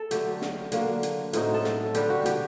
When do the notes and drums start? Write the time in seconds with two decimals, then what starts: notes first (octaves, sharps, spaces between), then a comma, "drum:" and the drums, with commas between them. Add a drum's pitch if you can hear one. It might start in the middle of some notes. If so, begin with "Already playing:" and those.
Already playing: A4
0.11 D3 F#3 A3 G4, drum: hi-hat
0.42 drum: snare
0.72 D3 F#3 A#3 D4, drum: hi-hat
1.03 drum: hi-hat
1.33 A2 F#3 C4 D#4, drum: hi-hat
1.54 A4
1.64 drum: snare
1.94 D3 G3 D4 G4, drum: hi-hat
2.10 F#4
2.26 G4, drum: hi-hat